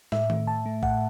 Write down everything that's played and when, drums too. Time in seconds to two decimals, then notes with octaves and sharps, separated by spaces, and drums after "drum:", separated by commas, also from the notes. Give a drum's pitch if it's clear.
0.12 A2 E5, drum: snare
0.30 A3, drum: tom D#3
0.47 A2 A5
0.66 A3
0.83 A2 F#5, drum: kick A1